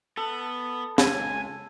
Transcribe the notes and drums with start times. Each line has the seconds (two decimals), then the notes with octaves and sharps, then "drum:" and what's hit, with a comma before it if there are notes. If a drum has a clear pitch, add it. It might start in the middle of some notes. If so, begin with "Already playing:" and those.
0.17 B3 A4
0.98 C#2 G#5, drum: snare